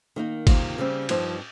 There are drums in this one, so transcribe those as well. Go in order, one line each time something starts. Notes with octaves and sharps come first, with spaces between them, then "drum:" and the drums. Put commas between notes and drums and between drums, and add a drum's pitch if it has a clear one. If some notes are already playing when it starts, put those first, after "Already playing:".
D#3 A#3 D#4
C3 D#3 A#3 F4, drum: kick, cymbal
C#3 G3 C4
G2 F3 C4 D#4, drum: cymbal